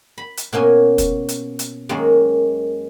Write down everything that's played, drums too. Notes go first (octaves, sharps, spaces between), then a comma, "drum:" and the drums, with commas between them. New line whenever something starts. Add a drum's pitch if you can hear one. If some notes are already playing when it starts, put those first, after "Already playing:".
B5
drum: hi-hat
B2 A#3 C#4 G#5
drum: kick, hi-hat
drum: hi-hat
drum: hi-hat
F#2 D#3 G#3 A#3